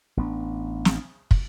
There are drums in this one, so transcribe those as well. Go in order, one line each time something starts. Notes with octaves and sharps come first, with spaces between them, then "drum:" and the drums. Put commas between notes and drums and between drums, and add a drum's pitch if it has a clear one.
A1 B3 D4
drum: snare
drum: kick